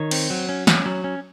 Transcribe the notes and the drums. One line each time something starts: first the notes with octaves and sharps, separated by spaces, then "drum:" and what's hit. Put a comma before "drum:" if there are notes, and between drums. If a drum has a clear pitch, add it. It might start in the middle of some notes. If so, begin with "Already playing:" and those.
Already playing: D#3 C#5
C4, drum: cymbal
F#3
C#4
C#4, drum: snare
F#3
C#4